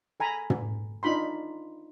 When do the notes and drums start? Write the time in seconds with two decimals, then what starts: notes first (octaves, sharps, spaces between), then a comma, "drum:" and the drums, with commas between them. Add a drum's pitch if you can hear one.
0.20 A4 G#5 A#5 B5
0.50 drum: tom
1.03 D4 D#4 F4 B5 C6